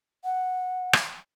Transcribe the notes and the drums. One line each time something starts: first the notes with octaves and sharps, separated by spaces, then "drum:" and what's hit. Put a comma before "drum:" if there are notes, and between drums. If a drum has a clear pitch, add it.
F#5
drum: rim click